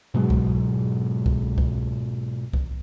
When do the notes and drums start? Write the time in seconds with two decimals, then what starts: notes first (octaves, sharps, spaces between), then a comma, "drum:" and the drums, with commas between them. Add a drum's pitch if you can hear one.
0.14 G#2 B2 F#3 G#3
0.30 drum: kick C2
1.26 drum: kick C2
1.58 drum: kick C2
2.53 drum: kick C2